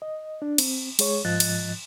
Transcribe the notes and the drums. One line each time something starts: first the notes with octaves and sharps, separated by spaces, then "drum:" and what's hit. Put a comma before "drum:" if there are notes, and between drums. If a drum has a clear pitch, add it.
D#5
D4
C4, drum: cymbal
G#3 G#4 C#5 C#6, drum: cymbal
G#2 F3 D#5 F#6 A6
drum: cymbal